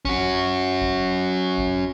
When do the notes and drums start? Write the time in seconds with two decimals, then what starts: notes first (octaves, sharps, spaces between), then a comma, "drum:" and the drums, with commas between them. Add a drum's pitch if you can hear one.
0.05 C#4 F#4, drum: kick G#1
0.82 drum: kick G#1
1.58 drum: kick G#1